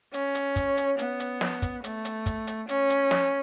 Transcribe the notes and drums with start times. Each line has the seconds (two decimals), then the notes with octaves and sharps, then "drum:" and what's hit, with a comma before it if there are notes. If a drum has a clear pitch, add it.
0.14 C#4, drum: hi-hat
0.35 drum: hi-hat
0.56 drum: kick, hi-hat
0.77 drum: hi-hat
0.99 B3, drum: hi-hat
1.20 drum: hi-hat
1.41 drum: snare
1.62 drum: kick, hi-hat
1.84 A3, drum: hi-hat
2.05 drum: hi-hat
2.26 drum: kick, hi-hat
2.47 drum: hi-hat
2.69 C#4, drum: hi-hat
2.90 drum: hi-hat
3.11 drum: snare